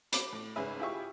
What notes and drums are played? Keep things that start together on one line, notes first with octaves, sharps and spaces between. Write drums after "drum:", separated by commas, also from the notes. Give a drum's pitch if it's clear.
B5 D6, drum: hi-hat
A2
G#1 C#3 G#3 G#4 B4 E5
E4 F4 G4 G#4 E5 C#6